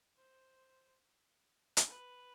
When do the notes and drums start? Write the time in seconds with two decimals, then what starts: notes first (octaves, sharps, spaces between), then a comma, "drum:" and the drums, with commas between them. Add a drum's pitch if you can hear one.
0.16 C5
1.77 drum: hi-hat
1.86 B4